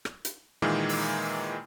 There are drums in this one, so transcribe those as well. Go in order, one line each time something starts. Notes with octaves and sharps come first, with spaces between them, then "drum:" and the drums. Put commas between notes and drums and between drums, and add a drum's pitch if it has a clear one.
drum: rim click
drum: hi-hat
A#2 D#3 E3 G#3 A#3
drum: open hi-hat